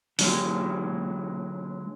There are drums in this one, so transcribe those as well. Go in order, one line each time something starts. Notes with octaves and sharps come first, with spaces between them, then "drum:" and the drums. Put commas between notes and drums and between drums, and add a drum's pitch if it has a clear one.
D3 F#3 G#3, drum: open hi-hat